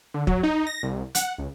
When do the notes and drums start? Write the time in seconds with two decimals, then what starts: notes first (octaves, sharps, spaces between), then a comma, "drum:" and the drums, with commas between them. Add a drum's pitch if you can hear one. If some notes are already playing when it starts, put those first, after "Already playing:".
0.14 D3
0.27 F#3, drum: kick
0.43 D#4
0.67 A#6
0.83 C2
1.15 F#5, drum: hi-hat
1.38 C#2